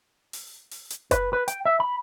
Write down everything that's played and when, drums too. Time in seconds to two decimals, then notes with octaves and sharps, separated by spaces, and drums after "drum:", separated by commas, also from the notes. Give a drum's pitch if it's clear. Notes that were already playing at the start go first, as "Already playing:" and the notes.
0.33 drum: open hi-hat
0.71 drum: open hi-hat
0.90 drum: hi-hat
1.11 B4, drum: kick F#1, hi-hat
1.33 B4
1.48 G5, drum: hi-hat
1.65 E5
1.80 B5